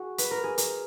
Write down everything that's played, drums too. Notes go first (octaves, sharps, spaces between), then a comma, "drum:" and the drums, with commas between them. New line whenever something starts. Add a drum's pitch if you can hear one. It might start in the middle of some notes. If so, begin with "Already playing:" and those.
Already playing: F#4 G#4
B4, drum: hi-hat
A#4
G#4
A#4, drum: hi-hat